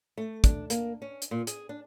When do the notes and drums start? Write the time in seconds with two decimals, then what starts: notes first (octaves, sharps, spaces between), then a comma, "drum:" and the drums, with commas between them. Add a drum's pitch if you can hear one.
0.18 A3
0.44 D4, drum: kick, hi-hat
0.70 A#3, drum: hi-hat
1.02 C#4
1.22 drum: hi-hat
1.31 A#2
1.47 G#4, drum: hi-hat
1.69 D4